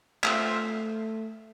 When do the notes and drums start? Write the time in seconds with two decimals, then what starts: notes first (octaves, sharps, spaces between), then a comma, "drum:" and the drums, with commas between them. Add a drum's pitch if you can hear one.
0.24 A3 C4 F4 C5 E5, drum: clap